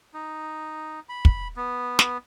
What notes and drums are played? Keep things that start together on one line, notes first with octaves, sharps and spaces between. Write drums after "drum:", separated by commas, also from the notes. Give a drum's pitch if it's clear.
D#4
B5
drum: kick
B3
drum: snare